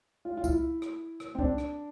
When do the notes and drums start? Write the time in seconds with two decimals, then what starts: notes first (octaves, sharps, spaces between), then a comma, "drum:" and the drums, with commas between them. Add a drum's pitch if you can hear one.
0.25 F4
0.37 F4
0.44 E4, drum: kick, tambourine
0.82 drum: rim click
1.20 drum: rim click
1.35 C4
1.39 D4, drum: kick
1.58 drum: rim click